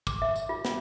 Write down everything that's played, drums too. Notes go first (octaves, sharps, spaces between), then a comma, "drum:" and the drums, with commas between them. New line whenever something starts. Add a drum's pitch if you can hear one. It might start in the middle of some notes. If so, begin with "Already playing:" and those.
D6, drum: kick, tambourine
E5
drum: tambourine
F4
drum: snare